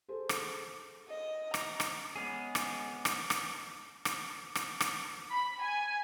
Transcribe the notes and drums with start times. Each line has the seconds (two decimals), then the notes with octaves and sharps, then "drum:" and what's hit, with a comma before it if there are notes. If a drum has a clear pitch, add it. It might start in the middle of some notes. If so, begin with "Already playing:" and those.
0.08 G#4 A4 C5
0.29 drum: rim click
1.09 D#5
1.54 A#5, drum: rim click
1.80 drum: rim click
2.16 G#3 B3 C#4 G#4
2.55 drum: rim click
3.05 drum: rim click
3.30 drum: rim click
4.05 drum: rim click
4.55 drum: rim click
4.80 drum: rim click
5.31 B5
5.62 G#5